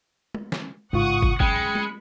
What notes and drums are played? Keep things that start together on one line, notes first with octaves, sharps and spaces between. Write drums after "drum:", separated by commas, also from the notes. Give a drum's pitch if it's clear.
drum: tom G#3
drum: snare
A1 G#2 C#3 F4 F#5 C#6 D#6
drum: kick
F#3 G#3 C#4 G5 B5 C#7, drum: kick
drum: tom G#3